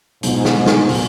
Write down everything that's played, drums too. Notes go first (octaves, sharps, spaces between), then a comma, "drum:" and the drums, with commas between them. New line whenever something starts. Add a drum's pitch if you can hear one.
G#2 B2 F#3 B3 D4 F4, drum: hi-hat
drum: snare
drum: snare
A#2 F#3 A#3, drum: open hi-hat